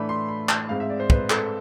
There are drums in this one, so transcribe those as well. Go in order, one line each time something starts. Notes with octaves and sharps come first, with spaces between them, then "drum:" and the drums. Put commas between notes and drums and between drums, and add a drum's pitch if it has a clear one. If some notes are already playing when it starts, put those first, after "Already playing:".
Already playing: A2 E3 A3 D4 B5
C6
B5
A5, drum: clap
G#2 G#3 C4 F5
E5
D5
C5
B4, drum: kick
A4, drum: clap